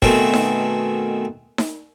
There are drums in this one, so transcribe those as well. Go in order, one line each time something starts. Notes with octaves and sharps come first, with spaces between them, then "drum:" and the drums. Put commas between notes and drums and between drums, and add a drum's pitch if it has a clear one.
B2 D#3 A3 C4 G#4, drum: kick
drum: snare D#4
drum: snare D#4